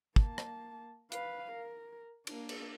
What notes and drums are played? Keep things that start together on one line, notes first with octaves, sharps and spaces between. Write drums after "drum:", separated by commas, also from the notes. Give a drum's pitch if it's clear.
A#3 A5, drum: kick
drum: rim click
B4 F5, drum: hi-hat
A#4
A#3 D4, drum: cymbal
drum: cymbal